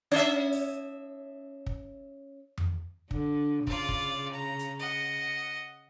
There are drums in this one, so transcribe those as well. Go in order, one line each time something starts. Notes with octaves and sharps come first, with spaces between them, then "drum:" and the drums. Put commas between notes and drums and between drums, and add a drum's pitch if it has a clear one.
C#4 E5, drum: open hi-hat
drum: open hi-hat
drum: kick
drum: tom F2
D3, drum: kick
C#3 F4 D5, drum: kick
drum: kick
A#5
drum: hi-hat
D#5 F#5